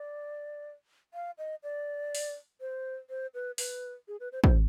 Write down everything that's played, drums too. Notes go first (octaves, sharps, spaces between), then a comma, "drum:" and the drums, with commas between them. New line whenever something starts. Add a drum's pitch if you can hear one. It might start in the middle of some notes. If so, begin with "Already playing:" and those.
Already playing: D5
F5
D#5
D5
drum: open hi-hat
C5
C5
B4
B4, drum: open hi-hat
G#4
B4
C5
C5, drum: kick